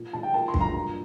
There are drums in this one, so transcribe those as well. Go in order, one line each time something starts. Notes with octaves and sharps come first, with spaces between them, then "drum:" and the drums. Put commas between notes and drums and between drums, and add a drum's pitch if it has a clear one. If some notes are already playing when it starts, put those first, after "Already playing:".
Already playing: A#2
A#2 A5
G5
A#3 A5
C6
G2, drum: kick
A#5
A#2